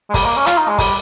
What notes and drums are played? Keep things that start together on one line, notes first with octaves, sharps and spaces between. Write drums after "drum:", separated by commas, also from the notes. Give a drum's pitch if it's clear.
G#3
G3, drum: kick, open hi-hat
A#3
C#4
F4, drum: hi-hat
D#4
G#3
G3, drum: kick, open hi-hat